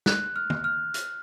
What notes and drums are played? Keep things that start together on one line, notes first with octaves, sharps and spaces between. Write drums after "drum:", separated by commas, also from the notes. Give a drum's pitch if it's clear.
F#6, drum: snare
F6
drum: tom
F6
drum: hi-hat